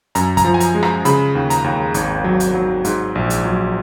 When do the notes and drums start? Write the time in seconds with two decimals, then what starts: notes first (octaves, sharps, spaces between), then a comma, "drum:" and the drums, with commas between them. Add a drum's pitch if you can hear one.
0.15 F#2 A#5, drum: hi-hat
0.37 A#5, drum: kick, hi-hat
0.44 F3
0.54 G#5
0.60 A#5, drum: hi-hat
0.75 G#3
0.83 A#5, drum: rim click
1.05 C#3 B5, drum: hi-hat
1.35 D#2
1.50 A#5, drum: hi-hat
1.64 D#2
1.94 G#1, drum: hi-hat
2.24 F#3
2.40 drum: hi-hat
2.54 F#3
2.85 G#2, drum: hi-hat
3.15 A#1
3.30 drum: hi-hat
3.45 F#3